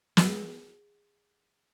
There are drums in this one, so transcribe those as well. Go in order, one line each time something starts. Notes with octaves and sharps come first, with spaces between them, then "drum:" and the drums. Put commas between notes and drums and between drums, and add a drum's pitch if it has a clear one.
F#3, drum: snare
G#3